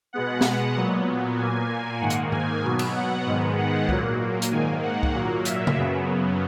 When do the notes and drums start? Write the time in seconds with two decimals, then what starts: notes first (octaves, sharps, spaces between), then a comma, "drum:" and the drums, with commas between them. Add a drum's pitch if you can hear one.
0.13 B2 G#3 B3 F#5
0.41 drum: snare
0.76 A#2 F#3 B3
1.38 A#2 A#3 G#5
2.01 G#2 D#3 A#3 F#5
2.10 drum: hi-hat
2.32 G#5, drum: tom G#2
2.64 B2 F#3 B3
2.79 drum: cymbal
2.96 F#5
3.26 G#2 D#3 G#3 B3
3.58 F#5
3.89 A#2 F#3 A#3, drum: kick C2
4.42 drum: hi-hat
4.51 G#2 D#3 A#3 G#5
4.83 F#5
5.03 drum: kick C2
5.14 A#2 F#3 A#3
5.45 E5, drum: hi-hat
5.67 drum: tom C#3
5.77 F#2 C#3 F#3 B3